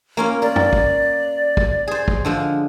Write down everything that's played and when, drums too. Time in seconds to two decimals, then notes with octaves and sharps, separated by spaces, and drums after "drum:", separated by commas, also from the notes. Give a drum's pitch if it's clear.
0.17 A#3 C#4 F4
0.42 A#4 D5
0.56 drum: tom
0.73 drum: kick
1.57 drum: kick
1.88 G#4 C5
2.08 drum: kick
2.25 D3 F3 G#3